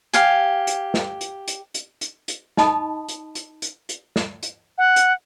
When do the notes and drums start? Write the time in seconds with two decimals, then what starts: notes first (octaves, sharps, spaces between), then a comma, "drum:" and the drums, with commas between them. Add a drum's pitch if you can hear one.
0.13 G4 F5 G#5, drum: hi-hat
0.67 drum: hi-hat
0.94 drum: snare
1.21 drum: hi-hat
1.48 drum: hi-hat
1.74 drum: hi-hat
2.01 drum: hi-hat
2.28 drum: hi-hat
2.57 D#4 D#5 A5 B5 D#6, drum: snare
3.08 drum: hi-hat
3.35 drum: hi-hat
3.62 drum: hi-hat
3.89 drum: hi-hat
4.16 drum: snare
4.43 drum: hi-hat
4.78 F#5
4.96 drum: hi-hat